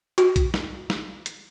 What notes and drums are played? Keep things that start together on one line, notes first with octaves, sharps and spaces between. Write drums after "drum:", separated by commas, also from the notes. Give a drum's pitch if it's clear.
F#4, drum: hi-hat
drum: kick B1, hi-hat
drum: snare
drum: snare
drum: hi-hat